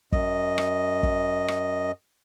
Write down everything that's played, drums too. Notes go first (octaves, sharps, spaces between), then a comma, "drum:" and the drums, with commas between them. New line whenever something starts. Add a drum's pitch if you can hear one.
F#2 D#5, drum: kick
drum: rim click
drum: kick
drum: rim click